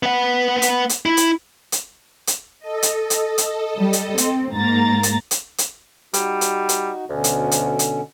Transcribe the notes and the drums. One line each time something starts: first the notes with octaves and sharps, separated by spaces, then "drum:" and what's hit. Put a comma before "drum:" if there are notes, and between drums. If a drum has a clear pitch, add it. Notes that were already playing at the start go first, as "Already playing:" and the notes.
B3 F#5
drum: hi-hat
drum: hi-hat
E4
drum: hi-hat
drum: hi-hat
drum: hi-hat
A4 D#5
drum: hi-hat
drum: hi-hat
drum: hi-hat
G3
drum: hi-hat
C4, drum: hi-hat
G#2 A#3 A#5 A6
drum: hi-hat
drum: hi-hat
drum: hi-hat
G3 D#4 F#4, drum: hi-hat
drum: hi-hat
drum: hi-hat
D2 B2 D3 C#4
drum: hi-hat
drum: hi-hat
drum: hi-hat